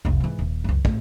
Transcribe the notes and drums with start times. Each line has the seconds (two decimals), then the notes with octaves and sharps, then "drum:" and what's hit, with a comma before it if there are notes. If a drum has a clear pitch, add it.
0.05 F1 C2
0.20 G#2 E3
0.39 D#1
0.64 C#2 F#2
0.85 A2, drum: kick